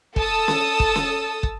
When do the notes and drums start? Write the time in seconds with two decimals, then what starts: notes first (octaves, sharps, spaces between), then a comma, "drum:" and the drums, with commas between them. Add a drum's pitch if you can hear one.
0.16 A4 A5 D#6 E6, drum: kick
0.48 drum: snare C#4
0.80 drum: kick
0.96 drum: snare C#4
1.43 drum: kick